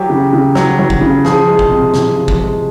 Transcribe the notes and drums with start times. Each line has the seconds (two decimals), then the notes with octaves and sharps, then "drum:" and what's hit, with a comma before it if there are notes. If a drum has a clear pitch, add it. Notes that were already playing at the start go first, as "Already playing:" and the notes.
Already playing: F#3 G4
0.10 C#3
0.33 C#3
0.55 F#3, drum: snare
0.79 F#3
0.90 drum: kick
1.01 C#3
1.25 F3 G#4, drum: snare
1.48 G#3
1.59 drum: kick
1.70 C3
1.94 C3, drum: snare
2.16 F3
2.28 drum: kick
2.40 G#3